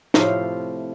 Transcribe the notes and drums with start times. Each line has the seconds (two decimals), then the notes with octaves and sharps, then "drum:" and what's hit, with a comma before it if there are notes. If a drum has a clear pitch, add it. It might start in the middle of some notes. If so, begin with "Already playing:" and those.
0.14 A2 C3 F3 F5, drum: snare